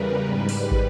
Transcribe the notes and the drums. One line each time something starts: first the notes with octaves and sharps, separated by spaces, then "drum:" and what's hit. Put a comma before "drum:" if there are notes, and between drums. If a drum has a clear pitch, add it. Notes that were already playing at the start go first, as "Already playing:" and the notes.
Already playing: E2 C#3 G3 A#4 B4
G#2 G3 B4
drum: open hi-hat
drum: kick